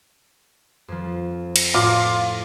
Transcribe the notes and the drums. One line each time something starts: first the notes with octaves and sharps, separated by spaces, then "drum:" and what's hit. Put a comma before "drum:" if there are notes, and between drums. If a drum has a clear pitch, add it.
F2 F3
drum: cymbal
A2 F4 C6 D6